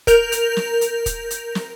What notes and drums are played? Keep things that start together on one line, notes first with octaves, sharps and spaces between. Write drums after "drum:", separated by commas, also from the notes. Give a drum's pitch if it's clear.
A#4 G6 F7, drum: kick, hi-hat
drum: hi-hat
drum: snare
drum: hi-hat
drum: kick, hi-hat
drum: hi-hat
drum: snare